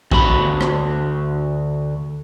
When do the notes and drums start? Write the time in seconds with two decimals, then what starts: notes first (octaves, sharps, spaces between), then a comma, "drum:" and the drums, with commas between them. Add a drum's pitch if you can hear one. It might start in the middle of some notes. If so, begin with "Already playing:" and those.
0.11 D2 F#4 B5, drum: kick
0.61 drum: rim click